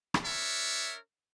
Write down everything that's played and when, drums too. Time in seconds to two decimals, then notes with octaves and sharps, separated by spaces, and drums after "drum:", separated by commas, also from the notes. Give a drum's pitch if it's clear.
0.14 drum: rim click
0.24 D4 A#4 C#5 E5